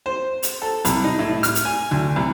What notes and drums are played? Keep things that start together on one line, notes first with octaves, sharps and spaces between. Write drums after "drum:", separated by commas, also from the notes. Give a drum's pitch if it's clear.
C5
drum: hi-hat
A4
C2, drum: hi-hat
D#4
A2
F6, drum: hi-hat
drum: hi-hat
G#5
D2
C2